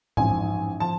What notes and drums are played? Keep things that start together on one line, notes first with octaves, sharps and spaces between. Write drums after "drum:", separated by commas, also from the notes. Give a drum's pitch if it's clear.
A1 G#2 F3 G#5, drum: tom A2
F3 A5